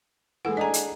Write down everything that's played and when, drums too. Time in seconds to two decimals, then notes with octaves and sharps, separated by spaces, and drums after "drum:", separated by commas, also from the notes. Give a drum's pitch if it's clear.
0.45 E3 G#3 A4 F#5
0.57 D4 G#4 D#5 G#5 A#5
0.74 drum: hi-hat